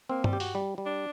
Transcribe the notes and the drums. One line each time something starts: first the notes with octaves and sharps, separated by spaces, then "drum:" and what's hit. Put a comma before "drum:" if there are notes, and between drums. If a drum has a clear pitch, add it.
A#3 C4
G3, drum: tom G2
G4
F#4, drum: open hi-hat
G3
G3
D4